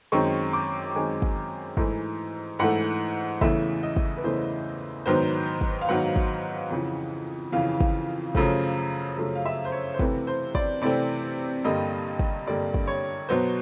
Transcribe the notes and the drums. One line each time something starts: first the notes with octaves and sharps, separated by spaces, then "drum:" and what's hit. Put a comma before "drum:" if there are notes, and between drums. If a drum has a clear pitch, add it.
F#2 D#3 G#3 C4 C#6
D6
F#2 D#3 G#3 C4 G#5
drum: kick
G#2 E3 A3, drum: kick
G#2 E3 A3 F#5
E2 C#3 E3 A3 E5, drum: kick
D#5
drum: kick
B4
E2 C#3 E3 A3 C5
G#2 D#3 F#3 B3 C5
drum: kick
F5
G#2 D#3 F#3 B3 F#5
drum: kick
F2 C#3 E3
F2 C#3 E3 F5
drum: kick
F#2 C#3 F3 A3, drum: kick
F#2 C#3 F3 A3
F5
E5
C5
C#5
C5
C3 E3 A3 C4 B4, drum: kick
C5
D5, drum: kick
C3 E3 A3 C4 D5
G2 D3 G3 A#3 D#5
drum: kick
G2 D3 G3 A#3 D5
drum: kick
C#5
B2 F#3 B3 C5